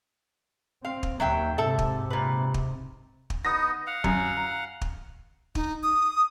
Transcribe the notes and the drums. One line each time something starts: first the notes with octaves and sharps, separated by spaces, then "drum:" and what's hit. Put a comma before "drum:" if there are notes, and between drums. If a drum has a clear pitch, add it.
C4 F5
drum: kick
D#2 F#3 E5 G5
G#2 C3 A4 E5
drum: kick
A#2 B4
drum: kick
drum: kick
B3 D#4 D#6 A#6
F5 F#5
F#2, drum: kick
A#5
drum: kick
D#4, drum: kick
D#6